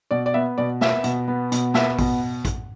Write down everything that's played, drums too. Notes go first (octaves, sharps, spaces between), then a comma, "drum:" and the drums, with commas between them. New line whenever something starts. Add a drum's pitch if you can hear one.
B2 D5
D5
B3 E5
B2 D5
B3 E5, drum: snare
B2, drum: hi-hat
B3
B2, drum: hi-hat
B3 E5, drum: snare
B2, drum: kick, open hi-hat
drum: kick, hi-hat